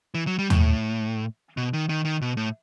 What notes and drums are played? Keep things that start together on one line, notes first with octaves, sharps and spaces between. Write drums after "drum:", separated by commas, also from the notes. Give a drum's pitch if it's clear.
E3
F#3
G3
A2, drum: tom
B2
D#3
D#3
D#3
B2
A2